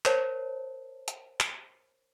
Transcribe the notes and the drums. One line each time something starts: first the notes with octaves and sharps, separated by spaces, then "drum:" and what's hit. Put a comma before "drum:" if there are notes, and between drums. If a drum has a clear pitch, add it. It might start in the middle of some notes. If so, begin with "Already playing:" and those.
A#4 C5 C#5 A5, drum: clap
drum: hi-hat
drum: clap